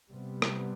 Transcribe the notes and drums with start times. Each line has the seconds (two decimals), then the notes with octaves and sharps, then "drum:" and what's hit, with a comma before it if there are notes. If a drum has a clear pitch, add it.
0.10 C3 G3 B3
0.42 drum: rim click